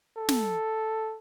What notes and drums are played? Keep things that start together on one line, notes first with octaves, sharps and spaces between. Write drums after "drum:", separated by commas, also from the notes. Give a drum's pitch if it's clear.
A4
drum: snare